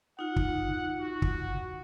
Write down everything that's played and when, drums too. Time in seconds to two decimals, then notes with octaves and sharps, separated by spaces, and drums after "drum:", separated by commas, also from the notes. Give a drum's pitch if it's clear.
0.19 D#4 F4 F#5
0.36 drum: kick
1.01 F#4
1.22 drum: kick